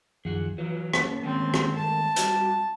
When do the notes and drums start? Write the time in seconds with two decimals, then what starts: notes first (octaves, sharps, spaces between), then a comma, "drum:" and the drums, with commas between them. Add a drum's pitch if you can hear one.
0.25 F#2 D#3 F3 G#4 F#5
0.58 E3 F#3 F4 B4
0.93 A#3 C#4 A5, drum: rim click
1.23 D#3 G3 G#3 C4
1.54 drum: rim click
1.76 A3 A#4 A5
2.16 G3 F#4 G4, drum: hi-hat